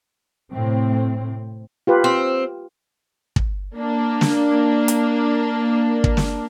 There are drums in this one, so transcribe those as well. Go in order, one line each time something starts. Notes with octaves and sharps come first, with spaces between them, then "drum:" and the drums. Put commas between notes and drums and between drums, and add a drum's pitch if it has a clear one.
A2 C3 C4
F4 G4 B4
C4
drum: kick
A#3 D4
drum: snare
drum: hi-hat
drum: kick
drum: snare